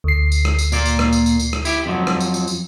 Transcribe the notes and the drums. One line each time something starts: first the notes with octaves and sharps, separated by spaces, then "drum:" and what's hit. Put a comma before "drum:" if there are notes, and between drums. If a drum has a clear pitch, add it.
D2 C7
drum: tambourine
drum: rim click
drum: tambourine
A#2 A#3 D5, drum: tambourine
drum: tambourine
drum: rim click
drum: tambourine
drum: tambourine
drum: tambourine
drum: rim click
E4 G4, drum: tambourine
F2 F3 F#3
drum: rim click
drum: tambourine
drum: tambourine
drum: tambourine